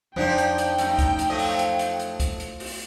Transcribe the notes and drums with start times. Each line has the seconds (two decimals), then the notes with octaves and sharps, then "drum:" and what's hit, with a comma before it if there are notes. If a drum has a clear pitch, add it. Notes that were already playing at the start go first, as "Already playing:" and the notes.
0.16 F2 F3 D4 D#4 G#4 C5 F#5 G5
0.38 drum: hi-hat
0.58 drum: hi-hat
0.78 F#2 A3 D#4, drum: hi-hat
0.98 drum: kick C2, hi-hat
1.19 drum: hi-hat
1.30 F3 F#3 A3 D#5
1.39 drum: open hi-hat
1.59 drum: hi-hat
1.79 drum: hi-hat
1.99 drum: hi-hat
2.20 drum: kick C2, hi-hat
2.40 drum: hi-hat
2.60 drum: open hi-hat